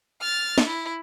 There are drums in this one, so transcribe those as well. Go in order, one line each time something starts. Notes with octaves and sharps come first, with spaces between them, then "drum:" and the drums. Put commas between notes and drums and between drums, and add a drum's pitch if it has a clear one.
F6 A6
drum: snare
E4